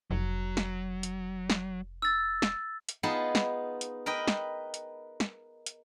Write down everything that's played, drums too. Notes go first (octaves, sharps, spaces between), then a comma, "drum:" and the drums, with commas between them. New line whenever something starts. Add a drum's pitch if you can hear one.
F1 F#3
drum: snare
drum: hi-hat
drum: snare
E6 A6
drum: snare
drum: hi-hat
B3 D#4 F4 G#4 A5
drum: snare
drum: hi-hat
A#4 B4 D#5 G5
drum: snare
drum: hi-hat
drum: snare
drum: hi-hat